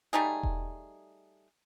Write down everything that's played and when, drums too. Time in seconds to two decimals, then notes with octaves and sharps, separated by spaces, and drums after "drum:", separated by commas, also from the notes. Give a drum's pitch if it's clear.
0.13 G3 A3 D#4 G#4
0.43 drum: kick E1